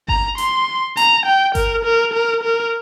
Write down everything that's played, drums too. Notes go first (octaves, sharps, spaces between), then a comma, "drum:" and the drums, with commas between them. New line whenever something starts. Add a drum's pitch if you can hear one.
A#5, drum: kick G1
C6, drum: hi-hat
A#5, drum: hi-hat
G5
A#4, drum: kick G1, hi-hat
A#4
A#4
A#4